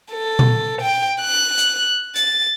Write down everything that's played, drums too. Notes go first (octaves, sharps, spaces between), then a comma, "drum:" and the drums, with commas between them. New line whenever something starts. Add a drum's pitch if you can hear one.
A4
drum: tom A#2
G5
F#6
drum: hi-hat
A6, drum: hi-hat